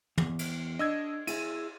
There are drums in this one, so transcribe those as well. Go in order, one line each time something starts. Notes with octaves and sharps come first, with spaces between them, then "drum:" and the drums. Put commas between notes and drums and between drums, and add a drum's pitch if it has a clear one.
E2, drum: tom
drum: cymbal
D4 D#5 E6 G#6
E4 G#4 E5 D#7, drum: cymbal